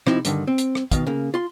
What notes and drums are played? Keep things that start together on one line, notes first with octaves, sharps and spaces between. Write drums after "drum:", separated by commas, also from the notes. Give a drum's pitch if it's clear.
C3 F3 C4 D#4 E4, drum: rim click
G2 D3 D#3, drum: hi-hat
C4
drum: hi-hat
drum: rim click
B2 D#3 F5, drum: kick, hi-hat
C#3 A#3
F4 C6